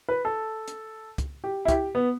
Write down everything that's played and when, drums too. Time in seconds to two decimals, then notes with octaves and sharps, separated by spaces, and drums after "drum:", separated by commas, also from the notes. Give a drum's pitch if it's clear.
0.09 B4
0.25 A4
0.68 drum: hi-hat
1.18 drum: kick, hi-hat
1.44 G4
1.65 E4
1.68 G4, drum: kick, hi-hat
1.95 B3